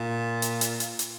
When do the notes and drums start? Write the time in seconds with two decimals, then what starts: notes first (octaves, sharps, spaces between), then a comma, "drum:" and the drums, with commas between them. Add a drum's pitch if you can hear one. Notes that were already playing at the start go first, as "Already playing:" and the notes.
Already playing: A#2
0.42 drum: hi-hat
0.61 drum: hi-hat
0.80 drum: hi-hat
0.99 drum: hi-hat